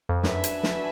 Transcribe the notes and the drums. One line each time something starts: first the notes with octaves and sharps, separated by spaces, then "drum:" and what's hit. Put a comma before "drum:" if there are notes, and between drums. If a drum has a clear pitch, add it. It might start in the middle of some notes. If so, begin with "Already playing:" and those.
F2
F#2 D4 F#4 B4 E5 G#5, drum: snare
drum: hi-hat
drum: snare